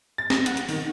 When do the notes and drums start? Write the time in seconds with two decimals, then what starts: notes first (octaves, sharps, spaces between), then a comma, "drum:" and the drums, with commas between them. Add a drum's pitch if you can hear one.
0.18 A6
0.30 A#6, drum: snare
0.46 F#5, drum: hi-hat
0.57 drum: hi-hat
0.69 D#3, drum: open hi-hat